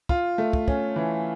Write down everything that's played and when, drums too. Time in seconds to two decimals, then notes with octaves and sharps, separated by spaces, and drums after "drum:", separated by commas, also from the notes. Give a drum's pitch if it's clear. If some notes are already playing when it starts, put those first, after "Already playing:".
0.09 F4, drum: kick
0.38 A3
0.53 drum: kick
0.68 C#4, drum: kick
0.96 E3